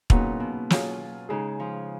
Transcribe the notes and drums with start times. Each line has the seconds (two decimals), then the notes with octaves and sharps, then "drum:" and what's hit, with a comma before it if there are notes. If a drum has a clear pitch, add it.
0.10 A#2 C#3 F#3 B3 D#4 F#4, drum: kick
0.40 B2
0.70 F#3 C#4 F4 G#4, drum: snare
1.29 C#3 G#3 D#4 G#4
1.60 F3